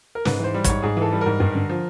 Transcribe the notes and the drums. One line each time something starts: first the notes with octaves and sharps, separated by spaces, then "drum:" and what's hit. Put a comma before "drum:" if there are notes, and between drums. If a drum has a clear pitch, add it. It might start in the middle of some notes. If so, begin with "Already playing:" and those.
A#4
G#2 B4, drum: snare
E3 C5
G3
G#2 C#5, drum: kick, hi-hat
G#2 G#4
E3 A4
G3
G#2 A#4
G2
D3
F3